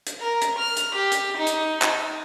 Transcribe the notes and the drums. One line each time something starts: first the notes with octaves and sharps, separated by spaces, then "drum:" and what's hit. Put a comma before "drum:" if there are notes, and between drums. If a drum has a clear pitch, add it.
drum: hi-hat
A#4
drum: hi-hat
F6
drum: hi-hat
G4
drum: hi-hat
D#4
drum: hi-hat
D#4, drum: clap